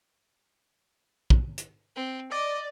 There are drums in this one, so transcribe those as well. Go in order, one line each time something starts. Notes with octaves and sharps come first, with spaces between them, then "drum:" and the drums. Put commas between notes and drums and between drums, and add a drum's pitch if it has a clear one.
drum: kick
drum: hi-hat
C4
D5 D#5